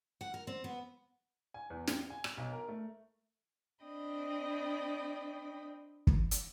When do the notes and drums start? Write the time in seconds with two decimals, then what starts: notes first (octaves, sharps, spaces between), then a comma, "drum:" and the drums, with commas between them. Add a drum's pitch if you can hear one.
0.21 F#5
0.34 A#4
0.47 C4
0.64 B3
1.54 G#5
1.70 E2
1.87 G7, drum: snare
2.10 G#5
2.24 F7, drum: rim click
2.37 B1
2.52 A#4
2.68 A3
3.84 C4 D4 D#5 G5 B5
6.07 drum: kick
6.31 drum: hi-hat